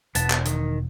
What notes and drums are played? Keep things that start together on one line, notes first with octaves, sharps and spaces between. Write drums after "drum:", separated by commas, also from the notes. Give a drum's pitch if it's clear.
E1 B3 A5, drum: hi-hat
drum: clap
D#3, drum: hi-hat